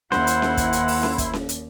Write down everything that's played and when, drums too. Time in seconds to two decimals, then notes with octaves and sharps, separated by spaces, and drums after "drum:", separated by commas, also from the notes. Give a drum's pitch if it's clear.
0.12 D#2 E4 C5 F#5, drum: snare C#4
0.27 drum: hi-hat
0.42 drum: snare C#4
0.57 drum: kick, hi-hat
0.73 drum: hi-hat
0.88 drum: open hi-hat
1.03 drum: snare C#4
1.18 drum: kick, hi-hat
1.33 drum: snare C#4
1.49 drum: hi-hat